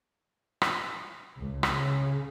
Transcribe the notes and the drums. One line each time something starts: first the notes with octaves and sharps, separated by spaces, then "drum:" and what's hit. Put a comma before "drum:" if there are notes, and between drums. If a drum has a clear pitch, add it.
drum: rim click
C#2
drum: rim click
C#3